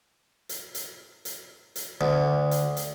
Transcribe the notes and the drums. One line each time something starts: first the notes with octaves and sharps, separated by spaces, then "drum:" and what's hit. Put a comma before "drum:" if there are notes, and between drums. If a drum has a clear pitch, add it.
drum: hi-hat
drum: hi-hat
drum: hi-hat
drum: hi-hat
D2
drum: hi-hat
drum: hi-hat